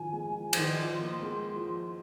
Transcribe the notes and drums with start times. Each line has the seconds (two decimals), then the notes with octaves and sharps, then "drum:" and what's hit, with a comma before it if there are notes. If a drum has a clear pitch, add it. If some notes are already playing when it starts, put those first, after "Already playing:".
Already playing: D#3 F3 G#5
0.13 G#3
0.35 F3
0.53 F3, drum: cymbal
0.57 D#3 C6
0.79 F3
1.00 A#3
1.22 G#3
1.55 F3